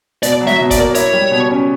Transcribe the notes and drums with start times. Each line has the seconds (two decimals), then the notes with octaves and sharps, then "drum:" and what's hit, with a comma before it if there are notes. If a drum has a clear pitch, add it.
0.23 B2 D5, drum: hi-hat
0.41 F#3
0.47 E5, drum: snare
0.60 B2
0.71 D5, drum: kick, hi-hat
0.77 A#3
0.95 E4 C#5, drum: hi-hat
1.13 G3
1.31 B2
1.50 C#4